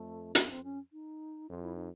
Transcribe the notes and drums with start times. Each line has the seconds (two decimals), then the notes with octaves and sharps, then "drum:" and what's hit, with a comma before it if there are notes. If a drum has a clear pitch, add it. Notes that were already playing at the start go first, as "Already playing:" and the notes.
Already playing: F2 A3
0.35 B3, drum: hi-hat
0.50 C4
0.64 C#4
0.93 D#4
1.49 F2 F4
1.62 E4
1.75 D#4